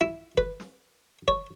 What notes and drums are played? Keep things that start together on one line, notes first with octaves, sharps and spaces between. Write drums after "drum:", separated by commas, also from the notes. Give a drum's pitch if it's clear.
E4
B4, drum: kick F#1
drum: snare
C#5, drum: kick F#1